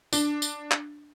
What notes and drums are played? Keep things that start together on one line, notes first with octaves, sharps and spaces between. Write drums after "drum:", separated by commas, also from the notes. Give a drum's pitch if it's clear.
D4, drum: tambourine
drum: tambourine
drum: clap